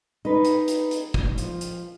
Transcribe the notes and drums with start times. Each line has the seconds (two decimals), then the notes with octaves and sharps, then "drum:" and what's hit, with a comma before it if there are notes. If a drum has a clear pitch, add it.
0.25 D#4 B4
0.44 drum: hi-hat
0.68 drum: hi-hat
0.91 drum: hi-hat
1.14 drum: kick
1.38 F3, drum: hi-hat
1.61 drum: hi-hat